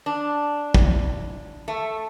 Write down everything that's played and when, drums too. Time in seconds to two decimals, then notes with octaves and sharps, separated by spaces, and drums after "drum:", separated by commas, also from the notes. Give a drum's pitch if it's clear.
0.06 D4
0.74 drum: kick
1.68 A3